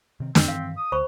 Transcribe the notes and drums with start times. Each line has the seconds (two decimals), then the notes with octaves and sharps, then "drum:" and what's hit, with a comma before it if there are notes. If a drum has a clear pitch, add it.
0.20 C3 D#3 C4
0.35 F2 C4, drum: snare
0.48 G2 D#3 E3 F5
0.77 D#6
0.92 D2 C5 B5 C#6